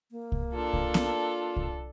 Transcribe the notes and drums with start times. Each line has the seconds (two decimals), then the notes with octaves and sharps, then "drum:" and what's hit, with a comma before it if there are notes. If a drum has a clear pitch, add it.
0.11 A#3
0.32 drum: kick C2
0.54 D4 F4 A4
0.73 drum: kick C2
0.94 drum: snare B3
1.56 drum: kick C2